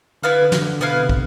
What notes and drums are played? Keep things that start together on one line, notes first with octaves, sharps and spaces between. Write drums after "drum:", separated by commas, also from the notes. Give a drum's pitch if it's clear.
D3 B3 E4 B4 F5
D3
drum: snare
D3
B2 B3 E4 B4 F5
B2
C3
drum: kick